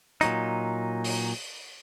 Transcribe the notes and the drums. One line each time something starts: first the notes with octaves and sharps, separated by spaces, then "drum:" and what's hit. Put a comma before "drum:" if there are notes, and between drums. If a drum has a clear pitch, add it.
A#2 F#3 D#4, drum: hi-hat
drum: open hi-hat